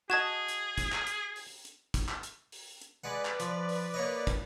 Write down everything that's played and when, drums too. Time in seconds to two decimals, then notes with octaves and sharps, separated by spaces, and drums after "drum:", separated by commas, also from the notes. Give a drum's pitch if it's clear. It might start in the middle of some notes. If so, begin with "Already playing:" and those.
0.10 F#4 G#4 D#5 A5 G#6 E7
0.48 drum: hi-hat
0.78 drum: kick, hi-hat
0.92 drum: clap
1.07 drum: hi-hat
1.36 drum: open hi-hat
1.65 drum: hi-hat
1.94 drum: kick, hi-hat
2.09 drum: clap
2.23 drum: hi-hat
2.52 drum: open hi-hat
2.81 drum: hi-hat
3.04 G#3 B4 D5 F#5
3.25 drum: clap
3.40 F3, drum: hi-hat
3.69 drum: open hi-hat
3.94 A#3 C#5 D#5
4.27 drum: kick, hi-hat